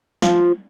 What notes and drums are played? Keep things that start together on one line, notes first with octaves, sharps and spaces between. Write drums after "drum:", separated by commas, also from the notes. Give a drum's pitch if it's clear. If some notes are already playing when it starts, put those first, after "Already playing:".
F3, drum: snare